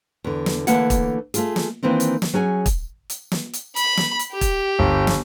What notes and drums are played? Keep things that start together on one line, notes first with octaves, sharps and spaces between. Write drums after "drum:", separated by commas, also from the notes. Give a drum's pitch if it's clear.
E2 D3
drum: snare
D3 E3 A3 A#3 C#5 F#5, drum: hi-hat
drum: kick, hi-hat
A3 F4 G#4, drum: hi-hat
drum: snare
D#3 E3 A#3 C4 D4
drum: hi-hat
drum: snare
F#3 C#4 G#4 G#5
drum: kick, hi-hat
drum: hi-hat
drum: snare
drum: hi-hat
B5, drum: hi-hat
drum: snare
drum: hi-hat
G4
drum: kick, hi-hat
G1
drum: snare